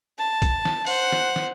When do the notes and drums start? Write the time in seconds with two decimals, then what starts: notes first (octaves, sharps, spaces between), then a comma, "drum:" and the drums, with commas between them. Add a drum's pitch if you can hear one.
0.18 A5
0.42 drum: kick B1, hi-hat
0.65 drum: snare
0.86 C5 F#5, drum: open hi-hat
1.12 drum: snare
1.36 drum: snare